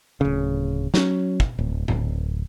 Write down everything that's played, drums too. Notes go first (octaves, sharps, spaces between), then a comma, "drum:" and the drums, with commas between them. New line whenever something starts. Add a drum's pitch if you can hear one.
D1 C#3
F#3 C#4, drum: snare
drum: kick
D1
D1, drum: tom A2